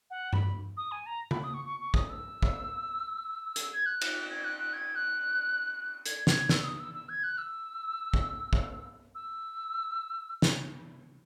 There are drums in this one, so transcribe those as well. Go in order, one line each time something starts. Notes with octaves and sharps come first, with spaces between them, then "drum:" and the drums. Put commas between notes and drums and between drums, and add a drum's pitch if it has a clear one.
F#5
B5, drum: tom G2
D#6
G#5
A#5
B5, drum: tom D3
D#6
C#6
C#6
C#6
D#6, drum: kick
E6
drum: kick
drum: hi-hat
G#6
F#6
drum: cymbal
G#6
F#6
F#6
G#6
F#6
G#6, drum: hi-hat
G#6, drum: snare
E6, drum: snare
D#6
E6
E6
G#6
F#6
E6
drum: kick
drum: kick
E6
drum: snare